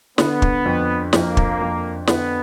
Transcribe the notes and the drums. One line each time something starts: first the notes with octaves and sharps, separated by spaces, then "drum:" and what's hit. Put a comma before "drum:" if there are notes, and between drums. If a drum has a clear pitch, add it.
D3 B3, drum: snare
drum: kick
F2
F2 A#3, drum: snare
drum: kick
F2
D3 B3, drum: snare